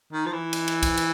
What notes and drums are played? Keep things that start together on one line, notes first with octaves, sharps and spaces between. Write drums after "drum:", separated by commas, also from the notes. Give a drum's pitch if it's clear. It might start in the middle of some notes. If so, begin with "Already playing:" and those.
D#3
F3
E3
drum: cymbal
drum: cymbal
drum: kick C2, cymbal
drum: cymbal